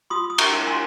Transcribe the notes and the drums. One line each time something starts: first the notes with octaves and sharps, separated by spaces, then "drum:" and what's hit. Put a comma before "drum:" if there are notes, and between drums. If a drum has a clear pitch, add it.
F4 C6 D#6
D#6
A#5 C#6, drum: cymbal
A#4 C#5
G#5 C6